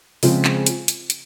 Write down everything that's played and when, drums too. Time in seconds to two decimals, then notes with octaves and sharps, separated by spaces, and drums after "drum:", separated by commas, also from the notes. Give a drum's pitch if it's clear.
0.23 C#3 F3 G#3 C4 F4, drum: open hi-hat
0.45 drum: clap
0.66 drum: hi-hat
0.88 drum: hi-hat
1.10 drum: hi-hat